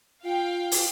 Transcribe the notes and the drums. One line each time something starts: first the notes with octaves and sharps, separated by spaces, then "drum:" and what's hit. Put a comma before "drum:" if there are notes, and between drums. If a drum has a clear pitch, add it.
F4 F5 G5
drum: open hi-hat